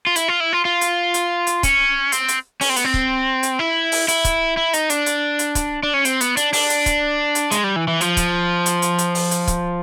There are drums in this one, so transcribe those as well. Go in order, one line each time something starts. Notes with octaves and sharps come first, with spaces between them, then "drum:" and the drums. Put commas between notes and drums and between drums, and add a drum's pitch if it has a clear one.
F4
E4, drum: hi-hat
F4
E4
F4
F4
drum: hi-hat
drum: hi-hat
drum: hi-hat
C#4, drum: kick, hi-hat
C4, drum: hi-hat
drum: hi-hat
C#4, drum: open hi-hat
C4
B3, drum: hi-hat
C4
drum: kick
drum: hi-hat
E4
drum: open hi-hat
E4, drum: hi-hat
drum: kick, hi-hat
E4
D#4, drum: hi-hat
D4, drum: hi-hat
drum: hi-hat
drum: hi-hat
drum: kick, hi-hat
D4
C#4
C4, drum: hi-hat
B3, drum: hi-hat
D4, drum: hi-hat
D4, drum: open hi-hat
drum: hi-hat
drum: kick, hi-hat
drum: hi-hat
G#3, drum: hi-hat
G3
E3
E3
F3, drum: hi-hat
drum: kick, hi-hat
drum: hi-hat
drum: hi-hat
drum: hi-hat
drum: open hi-hat
drum: hi-hat
drum: kick, hi-hat